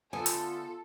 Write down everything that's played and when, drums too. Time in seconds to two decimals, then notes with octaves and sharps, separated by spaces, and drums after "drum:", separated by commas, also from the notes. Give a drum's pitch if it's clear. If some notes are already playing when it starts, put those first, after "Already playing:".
0.13 D3 A3 B3 F4 A4 G#5
0.26 drum: hi-hat